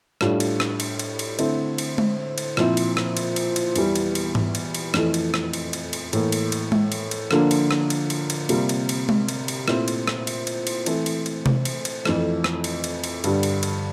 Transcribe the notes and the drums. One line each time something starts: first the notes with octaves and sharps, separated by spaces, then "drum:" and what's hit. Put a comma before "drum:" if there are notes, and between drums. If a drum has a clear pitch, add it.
A2 G3 D4 F4, drum: rim click
drum: cymbal
drum: rim click
drum: cymbal
drum: cymbal
drum: cymbal
D3 A3 C4 E4, drum: cymbal
drum: cymbal
drum: tom G#3
drum: cymbal
A#2 F3 C4 E4, drum: rim click
drum: cymbal
drum: rim click
drum: cymbal
drum: cymbal
drum: cymbal
E2 E3 G3, drum: cymbal
drum: cymbal
drum: cymbal
drum: tom G#2
drum: cymbal
drum: cymbal
F2 E3 A3 E4, drum: rim click
drum: cymbal
drum: rim click
drum: cymbal
drum: cymbal
drum: cymbal
A2 E3 A#3, drum: cymbal
drum: cymbal
drum: cymbal
drum: tom G#3
drum: cymbal
drum: cymbal
D3 F3 A#3 D4 F4, drum: rim click
drum: cymbal
drum: rim click
drum: cymbal
drum: cymbal
drum: cymbal
C3 G3 A#3 F4, drum: cymbal
drum: cymbal
drum: cymbal
drum: tom G#3
drum: cymbal
drum: cymbal
A#2 A3 C4 E4, drum: rim click
drum: cymbal
drum: rim click
drum: cymbal
drum: cymbal
drum: cymbal
E3 A3 C4, drum: cymbal
drum: cymbal
drum: cymbal
drum: tom C3
drum: cymbal
drum: cymbal
F2 E3 A3, drum: rim click
drum: rim click
drum: cymbal
drum: cymbal
drum: cymbal
G2 D3 G3, drum: cymbal
drum: cymbal
drum: cymbal